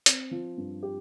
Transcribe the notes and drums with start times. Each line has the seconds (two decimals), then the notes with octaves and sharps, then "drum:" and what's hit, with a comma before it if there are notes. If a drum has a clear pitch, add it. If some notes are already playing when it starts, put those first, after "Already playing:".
0.06 C4, drum: hi-hat
0.31 F3
0.58 G2
0.83 G4